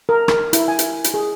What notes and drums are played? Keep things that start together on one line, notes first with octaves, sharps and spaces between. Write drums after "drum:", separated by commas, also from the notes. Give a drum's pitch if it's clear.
A#4
A#4, drum: rim click
E4, drum: hi-hat
G#5
drum: hi-hat
drum: hi-hat
G#4